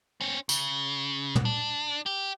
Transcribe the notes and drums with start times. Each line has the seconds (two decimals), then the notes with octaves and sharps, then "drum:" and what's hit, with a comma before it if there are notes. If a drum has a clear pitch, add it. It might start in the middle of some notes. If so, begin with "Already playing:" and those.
0.21 C4 C#4
0.49 C#3, drum: tambourine
1.35 drum: tom
1.45 D4
2.06 G4